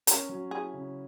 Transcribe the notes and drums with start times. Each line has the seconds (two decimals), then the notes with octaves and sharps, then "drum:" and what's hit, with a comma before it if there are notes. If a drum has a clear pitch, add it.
0.07 C#4 A#4, drum: hi-hat
0.29 F#3
0.51 E4 G#4
0.73 C#3